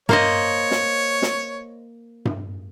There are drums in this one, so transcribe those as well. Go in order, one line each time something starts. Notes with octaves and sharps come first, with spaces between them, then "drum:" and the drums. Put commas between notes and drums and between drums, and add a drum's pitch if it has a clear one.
A#3 C5 C#5 D#5, drum: tom G2
drum: snare
drum: snare
drum: tom G2